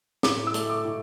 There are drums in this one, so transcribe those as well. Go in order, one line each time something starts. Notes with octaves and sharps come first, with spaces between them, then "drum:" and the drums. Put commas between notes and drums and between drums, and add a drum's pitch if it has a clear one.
A2 D6, drum: snare
E6
A3, drum: hi-hat
D6
A2